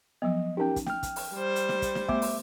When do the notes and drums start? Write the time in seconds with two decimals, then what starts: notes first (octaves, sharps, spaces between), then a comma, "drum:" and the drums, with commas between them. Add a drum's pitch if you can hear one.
0.22 F3 F#3 B3 D#5
0.57 C#4 D#4 G4 A#4 G5
0.76 drum: kick, hi-hat
0.86 G5 F6, drum: snare
1.03 drum: kick, hi-hat
1.16 drum: open hi-hat
1.34 G3 C5
1.56 drum: hi-hat
1.69 drum: snare
1.82 drum: kick, hi-hat
1.95 drum: snare
2.09 A3 B3 E5 D6, drum: kick
2.22 drum: open hi-hat